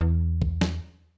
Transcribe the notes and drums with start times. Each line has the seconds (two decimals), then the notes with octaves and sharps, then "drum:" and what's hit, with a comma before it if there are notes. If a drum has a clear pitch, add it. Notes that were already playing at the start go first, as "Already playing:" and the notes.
0.01 E2
0.42 drum: kick
0.61 drum: snare